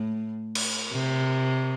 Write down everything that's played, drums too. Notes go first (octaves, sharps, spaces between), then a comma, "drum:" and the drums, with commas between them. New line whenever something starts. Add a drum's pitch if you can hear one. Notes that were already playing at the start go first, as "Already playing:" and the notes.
Already playing: A2
drum: cymbal
C3